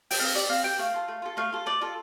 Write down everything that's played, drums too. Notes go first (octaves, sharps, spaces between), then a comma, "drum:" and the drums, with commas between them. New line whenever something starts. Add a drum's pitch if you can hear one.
G5, drum: open hi-hat
C4 F5
G4 D5
C4 F5
G4 G5
A3 F5
F4 A4
A3
F4 A4
A3 F5
F4 A4
A3 D5
F4 A4